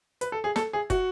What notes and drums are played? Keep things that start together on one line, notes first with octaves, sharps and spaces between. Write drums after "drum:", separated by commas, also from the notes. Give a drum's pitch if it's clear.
B4, drum: hi-hat
A4
G#4
A4, drum: snare
G#4
F#4, drum: kick, hi-hat